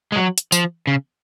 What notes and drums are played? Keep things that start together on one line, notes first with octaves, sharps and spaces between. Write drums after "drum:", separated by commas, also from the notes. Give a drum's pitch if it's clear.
G#3
F#3
drum: hi-hat
F3, drum: tambourine
C#3